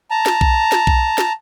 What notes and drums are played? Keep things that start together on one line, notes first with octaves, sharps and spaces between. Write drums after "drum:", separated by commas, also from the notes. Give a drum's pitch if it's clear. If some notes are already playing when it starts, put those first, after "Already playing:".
A5 A#5
drum: snare
drum: kick B1
drum: snare
drum: kick B1
drum: snare